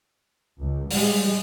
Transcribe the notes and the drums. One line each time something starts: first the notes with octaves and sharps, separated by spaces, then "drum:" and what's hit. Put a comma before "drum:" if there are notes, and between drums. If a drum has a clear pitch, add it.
C#2
G3 G#3, drum: open hi-hat